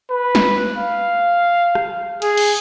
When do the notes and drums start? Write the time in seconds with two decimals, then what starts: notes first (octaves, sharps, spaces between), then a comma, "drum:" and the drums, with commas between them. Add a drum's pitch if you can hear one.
0.10 B4
0.35 drum: snare
0.77 F5
1.75 drum: rim click
2.22 G#4, drum: cymbal
2.37 drum: cymbal